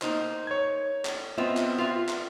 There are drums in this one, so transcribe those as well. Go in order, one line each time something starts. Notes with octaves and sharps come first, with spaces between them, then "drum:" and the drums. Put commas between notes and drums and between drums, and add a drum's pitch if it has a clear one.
A#3 D#4 C5, drum: clap
C#5 G#6
drum: clap
B3 C4 F4 D#5 E5
drum: clap
F4 B4 E5
drum: clap